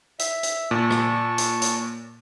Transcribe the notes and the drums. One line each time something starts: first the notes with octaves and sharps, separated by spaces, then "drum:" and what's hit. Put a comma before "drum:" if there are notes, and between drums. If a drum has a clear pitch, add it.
E5, drum: hi-hat
drum: hi-hat
A#2 A5 C#6
drum: rim click
drum: hi-hat
drum: hi-hat